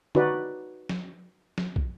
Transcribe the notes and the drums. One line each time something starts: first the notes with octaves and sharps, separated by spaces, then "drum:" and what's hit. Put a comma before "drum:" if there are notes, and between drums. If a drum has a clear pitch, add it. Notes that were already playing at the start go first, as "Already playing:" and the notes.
D#4 F#4 B4 D5, drum: tom
drum: snare
drum: snare
drum: kick